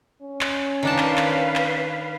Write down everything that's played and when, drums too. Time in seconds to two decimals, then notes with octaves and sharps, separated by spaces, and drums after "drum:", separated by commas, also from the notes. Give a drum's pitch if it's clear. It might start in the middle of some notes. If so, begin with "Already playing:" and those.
0.22 C#4
0.41 drum: clap
0.83 D#3 D4 B4 F5 A5
0.98 drum: clap
1.17 drum: clap
1.55 drum: clap